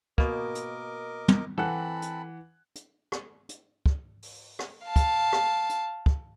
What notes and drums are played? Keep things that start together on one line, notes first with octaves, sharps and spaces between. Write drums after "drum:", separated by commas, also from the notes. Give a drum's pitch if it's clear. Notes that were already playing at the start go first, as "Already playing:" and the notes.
B2 A#3 A#4 D#5 D6, drum: kick
drum: hi-hat
drum: tom
E3 C4 A4 F#5 A5 B5 F#6
drum: hi-hat
drum: hi-hat
drum: rim click
drum: hi-hat
drum: kick
drum: open hi-hat
drum: rim click
F5 A5
drum: kick, hi-hat
drum: rim click
drum: hi-hat
drum: kick